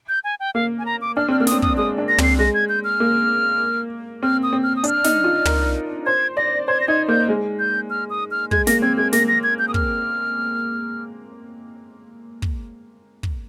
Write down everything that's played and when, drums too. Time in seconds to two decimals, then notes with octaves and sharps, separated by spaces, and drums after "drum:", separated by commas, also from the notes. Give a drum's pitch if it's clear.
0.09 G6
0.24 G#5
0.40 G5
0.55 A#3 F5
0.79 G#5
0.86 A#5
1.01 D6
1.17 D4 F6
1.28 C4 F6
1.40 A#3 F6
1.47 C4 D#6, drum: snare
1.62 D#6, drum: kick
1.77 G#3 D#6
1.98 D4
2.08 A#6
2.18 C4 C7, drum: tom
2.39 G#3 A#6
2.54 G#6
2.69 G6
2.84 F6
3.00 A#3
4.23 C4 F6
4.43 D#6
4.53 C4
4.63 F6
4.76 D#6
4.84 D4 F6, drum: hi-hat
5.04 D#4, drum: snare
5.24 F4
5.45 A#4, drum: tom
6.06 C5 G#6
6.37 D5 A#6
6.68 C5 G#6
6.81 A#6
6.88 D#4 G#6
7.08 A#3 G6
7.28 G#3
7.59 G6
7.90 F6
8.10 D#6
8.31 F6
8.51 G#3 G#6, drum: kick
8.67 A#3 A#6, drum: snare
8.82 C4 G#6
8.97 G#3 G#6
9.13 A#3 A#6, drum: snare
9.28 A#6
9.44 G#6
9.59 G6
9.68 D#6
9.74 F6, drum: kick
12.42 drum: kick
13.23 drum: kick